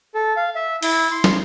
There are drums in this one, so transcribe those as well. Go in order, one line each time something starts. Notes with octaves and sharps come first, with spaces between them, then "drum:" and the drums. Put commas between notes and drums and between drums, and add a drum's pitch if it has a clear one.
A4
F5
E5
E4, drum: open hi-hat
C6
drum: snare